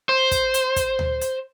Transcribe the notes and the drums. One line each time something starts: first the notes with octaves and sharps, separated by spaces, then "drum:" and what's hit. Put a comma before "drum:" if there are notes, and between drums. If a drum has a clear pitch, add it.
C5
drum: kick, hi-hat
drum: hi-hat
drum: kick, hi-hat
drum: tom D2
drum: hi-hat